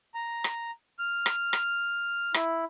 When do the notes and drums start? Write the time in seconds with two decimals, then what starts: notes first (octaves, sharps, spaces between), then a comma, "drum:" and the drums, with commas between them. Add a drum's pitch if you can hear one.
0.14 A#5
0.44 drum: rim click
0.99 F6
1.26 drum: rim click
1.53 drum: rim click
2.34 E4, drum: rim click